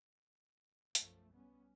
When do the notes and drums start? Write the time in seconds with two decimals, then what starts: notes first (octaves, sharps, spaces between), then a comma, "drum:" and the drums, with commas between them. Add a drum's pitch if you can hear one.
0.95 B1 F#2 F3 A3, drum: hi-hat
1.33 G3 B3 C#4